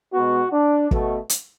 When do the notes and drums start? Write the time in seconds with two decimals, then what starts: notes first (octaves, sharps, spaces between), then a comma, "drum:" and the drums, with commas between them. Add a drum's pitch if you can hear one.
0.13 B2 G#3 B3 F#4
0.52 D4
0.91 B2 A3, drum: kick
1.29 drum: hi-hat